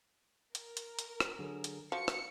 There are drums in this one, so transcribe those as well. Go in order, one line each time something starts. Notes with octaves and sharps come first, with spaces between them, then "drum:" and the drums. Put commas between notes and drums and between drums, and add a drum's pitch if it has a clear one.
A#4, drum: hi-hat
drum: hi-hat
drum: hi-hat
drum: rim click
D3 F#3 G#4
drum: hi-hat
F3 F#4 C#7
drum: rim click